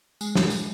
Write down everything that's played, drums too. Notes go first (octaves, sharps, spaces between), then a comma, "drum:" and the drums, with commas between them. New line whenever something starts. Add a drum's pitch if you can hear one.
G#3, drum: tambourine
drum: snare
drum: tambourine